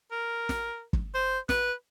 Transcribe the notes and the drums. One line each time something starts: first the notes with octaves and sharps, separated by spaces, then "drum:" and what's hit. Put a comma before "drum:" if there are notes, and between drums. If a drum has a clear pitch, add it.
A#4
drum: snare
drum: kick
C5
B4, drum: snare